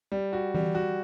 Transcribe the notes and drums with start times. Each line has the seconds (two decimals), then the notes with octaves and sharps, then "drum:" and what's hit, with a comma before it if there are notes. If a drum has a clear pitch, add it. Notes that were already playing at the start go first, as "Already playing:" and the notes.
0.12 G3
0.33 F#4
0.54 G3, drum: tom E3
0.75 F#4